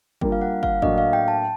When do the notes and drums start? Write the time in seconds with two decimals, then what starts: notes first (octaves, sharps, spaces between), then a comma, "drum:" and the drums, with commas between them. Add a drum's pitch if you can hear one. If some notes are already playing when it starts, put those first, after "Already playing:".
0.21 G3 A#3 D4 F4 A#4, drum: kick
0.32 F5
0.41 F#5
0.63 F5, drum: kick
0.82 A2 F#3 A#3 D4 F#4 D#5, drum: kick
0.98 F5
1.13 G5
1.28 A5